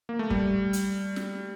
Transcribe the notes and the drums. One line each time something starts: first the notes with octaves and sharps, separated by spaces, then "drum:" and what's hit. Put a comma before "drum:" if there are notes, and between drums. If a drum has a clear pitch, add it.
A#3
A3
G3, drum: kick
drum: hi-hat
drum: snare